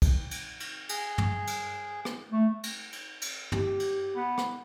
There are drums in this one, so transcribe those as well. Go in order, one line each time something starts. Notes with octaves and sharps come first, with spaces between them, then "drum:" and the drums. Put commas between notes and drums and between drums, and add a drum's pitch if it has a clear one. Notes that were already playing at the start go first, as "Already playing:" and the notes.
drum: kick, cymbal
drum: cymbal
drum: cymbal
G#4, drum: cymbal
drum: tom
drum: cymbal
drum: rim click
A3
drum: cymbal
drum: cymbal
drum: cymbal
G4, drum: tom
drum: cymbal
B3
drum: rim click